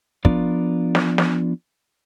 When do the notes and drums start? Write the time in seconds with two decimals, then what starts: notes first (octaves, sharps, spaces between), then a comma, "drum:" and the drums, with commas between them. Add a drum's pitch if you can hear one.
0.25 F3 B3 D4 F4 A#4 D5, drum: kick
0.95 drum: snare
1.18 drum: snare